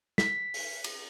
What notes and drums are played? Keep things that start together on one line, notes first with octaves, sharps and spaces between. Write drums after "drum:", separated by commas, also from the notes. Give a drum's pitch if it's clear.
B6, drum: snare
drum: open hi-hat
drum: cymbal